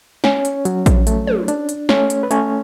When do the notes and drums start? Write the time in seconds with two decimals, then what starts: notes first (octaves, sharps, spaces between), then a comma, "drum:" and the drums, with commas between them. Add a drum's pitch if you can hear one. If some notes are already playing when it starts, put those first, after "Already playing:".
0.24 C#4 C#5, drum: snare
0.45 drum: hi-hat
0.65 F#3, drum: hi-hat
0.86 drum: kick A#1, hi-hat
1.07 A3, drum: hi-hat
1.27 drum: tom
1.48 D4, drum: hi-hat
1.69 drum: hi-hat
1.89 A3 C#4 C#5, drum: snare
2.10 drum: hi-hat
2.23 B4
2.31 A3 C#4 C#5, drum: hi-hat